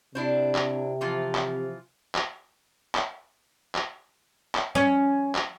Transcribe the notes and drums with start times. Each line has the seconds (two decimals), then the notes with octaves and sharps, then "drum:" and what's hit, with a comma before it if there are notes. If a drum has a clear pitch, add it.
0.15 C3 D4 E4 C5
0.55 drum: clap
1.01 E3 F3 F4
1.35 drum: clap
2.15 drum: clap
2.95 drum: clap
3.75 drum: clap
4.55 drum: clap
4.75 C#4
5.35 drum: clap